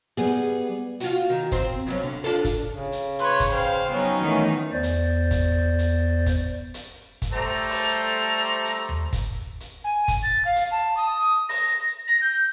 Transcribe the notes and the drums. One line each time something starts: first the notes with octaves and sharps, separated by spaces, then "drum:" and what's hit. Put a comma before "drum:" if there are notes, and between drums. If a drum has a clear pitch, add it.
G3 B3 G#4
F4 F#4, drum: hi-hat
D#3
C4 C5, drum: kick, hi-hat
G2 F#3 C#4
D3
D4 F4 A4
drum: kick, hi-hat
C#3
drum: hi-hat
B4 C#5 C6
drum: kick, hi-hat
C5 F5 G5
F#3 B3 C#4 D#4
D#3 E3 A3 F#5
E2 C5 D5 G6 A6
drum: hi-hat
drum: kick, hi-hat
drum: hi-hat
drum: kick, hi-hat
drum: hi-hat
drum: kick, hi-hat
G3 A3 A4 C5 D5 A#5
drum: open hi-hat
drum: hi-hat
drum: tom D#2
drum: kick, hi-hat
drum: hi-hat
G#5
drum: kick, hi-hat
A6
F5
drum: hi-hat
A5
D#6
A#6, drum: open hi-hat
A#6
G6